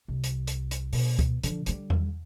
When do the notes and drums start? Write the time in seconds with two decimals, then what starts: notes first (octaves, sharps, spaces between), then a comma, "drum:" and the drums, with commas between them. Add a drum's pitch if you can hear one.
0.08 C2
0.24 drum: hi-hat
0.47 drum: hi-hat
0.71 drum: hi-hat
0.93 B2, drum: open hi-hat
1.19 drum: kick C#2, hi-hat
1.44 D3 F3, drum: hi-hat
1.66 D3 G3, drum: hi-hat
1.90 drum: tom E2